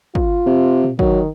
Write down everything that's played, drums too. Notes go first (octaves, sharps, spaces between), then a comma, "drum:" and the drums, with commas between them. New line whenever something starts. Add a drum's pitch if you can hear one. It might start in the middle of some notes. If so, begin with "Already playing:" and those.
F4, drum: kick
C3
drum: tom A#2
D#3 F#3, drum: kick